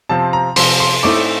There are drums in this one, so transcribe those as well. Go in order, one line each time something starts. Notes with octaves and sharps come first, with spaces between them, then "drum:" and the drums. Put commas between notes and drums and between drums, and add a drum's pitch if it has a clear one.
C3 F3 C4 A5
A#5
C3 F3 C4 C6, drum: open hi-hat
C6
A2 A3 C4 D#4 D6